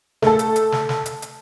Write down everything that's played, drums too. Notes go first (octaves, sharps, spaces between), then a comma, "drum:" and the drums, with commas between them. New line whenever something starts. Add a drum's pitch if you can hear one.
A3 A4, drum: snare
drum: hi-hat
drum: hi-hat
drum: snare
drum: snare
drum: hi-hat
drum: hi-hat